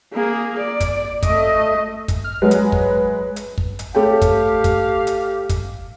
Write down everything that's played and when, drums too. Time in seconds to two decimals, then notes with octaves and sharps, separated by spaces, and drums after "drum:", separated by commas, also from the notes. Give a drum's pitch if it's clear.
0.14 A#3 G#4
0.59 D5
0.80 drum: kick, hi-hat
1.23 A3 D#5, drum: kick, hi-hat
2.08 drum: kick, hi-hat
2.24 F6
2.42 F#3 G#3 B4
2.51 drum: hi-hat
2.72 drum: kick
3.36 drum: hi-hat
3.58 drum: kick
3.79 drum: hi-hat
3.95 A3 G4 C#5 F5 G5
4.22 drum: kick, hi-hat
4.64 drum: kick, hi-hat
5.07 drum: hi-hat
5.49 drum: kick, hi-hat